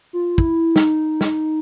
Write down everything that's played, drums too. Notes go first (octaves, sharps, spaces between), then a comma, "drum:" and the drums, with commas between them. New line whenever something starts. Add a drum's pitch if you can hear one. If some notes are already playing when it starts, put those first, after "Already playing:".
F4
E4, drum: kick
D#4, drum: snare
drum: snare